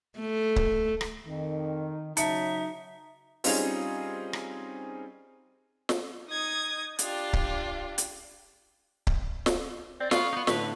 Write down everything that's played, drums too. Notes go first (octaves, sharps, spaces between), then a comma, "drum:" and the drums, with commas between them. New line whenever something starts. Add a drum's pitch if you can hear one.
A3
drum: kick C#1
drum: rim click
F2 D#3
C#3 F#3 D#4 E5 A5 C#7, drum: hi-hat
G3 C4 C#4 D#4 F4 G#4, drum: open hi-hat
drum: rim click
drum: snare
D#4 D#6 G#6
D4 F4 G4, drum: hi-hat
drum: kick C#1
drum: hi-hat
drum: kick C#1
drum: snare
C4 D5
B3 F4 F5 C#6, drum: snare
B3 D#4
A2 D3 B4, drum: snare